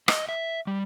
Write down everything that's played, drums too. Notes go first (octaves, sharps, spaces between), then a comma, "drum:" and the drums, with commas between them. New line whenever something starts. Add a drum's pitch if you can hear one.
D#5, drum: rim click
E5
G3